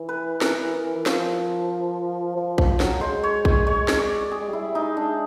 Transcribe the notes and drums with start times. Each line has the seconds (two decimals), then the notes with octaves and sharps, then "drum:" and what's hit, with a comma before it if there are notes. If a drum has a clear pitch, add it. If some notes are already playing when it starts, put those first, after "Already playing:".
Already playing: E3
0.09 B4
0.41 A#4, drum: snare
0.95 E3
1.06 F3, drum: snare
2.36 F3
2.58 F3, drum: kick
2.80 F#3, drum: snare
3.01 G#3 C5
3.23 C#5
3.45 drum: kick
3.66 G#3 C#5
3.88 drum: snare
3.99 D5
4.32 G#4
4.42 G#3
4.48 G3 E4
4.75 D#4
4.80 G#3
4.97 G#3 D4